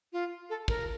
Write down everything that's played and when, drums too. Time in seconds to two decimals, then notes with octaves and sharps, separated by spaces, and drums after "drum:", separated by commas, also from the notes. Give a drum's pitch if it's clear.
0.13 F4
0.50 A4
0.68 A#4, drum: kick